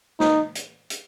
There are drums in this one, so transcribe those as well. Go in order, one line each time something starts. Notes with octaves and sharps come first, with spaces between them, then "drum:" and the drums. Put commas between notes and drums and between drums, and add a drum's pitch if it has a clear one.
D#4, drum: snare
drum: hi-hat
drum: hi-hat